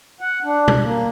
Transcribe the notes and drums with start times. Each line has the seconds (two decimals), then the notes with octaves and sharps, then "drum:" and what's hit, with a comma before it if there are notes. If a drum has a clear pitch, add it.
0.21 F#5
0.44 D4
0.68 drum: tom B2
0.83 A#3